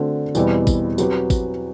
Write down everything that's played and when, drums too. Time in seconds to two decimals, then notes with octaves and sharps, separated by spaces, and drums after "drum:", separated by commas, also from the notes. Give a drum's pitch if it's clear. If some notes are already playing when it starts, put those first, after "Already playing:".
Already playing: D3 A3 C4 F#4 C5
0.35 E2 B2 G3 C4 E4, drum: tambourine
0.67 drum: kick, tambourine
0.98 F#3 C4 G4 B4, drum: tambourine
1.30 drum: kick, tambourine